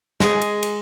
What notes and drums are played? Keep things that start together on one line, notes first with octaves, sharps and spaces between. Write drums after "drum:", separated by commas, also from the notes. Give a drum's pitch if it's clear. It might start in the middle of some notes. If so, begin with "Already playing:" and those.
G#3 G#4, drum: snare
drum: cymbal
drum: cymbal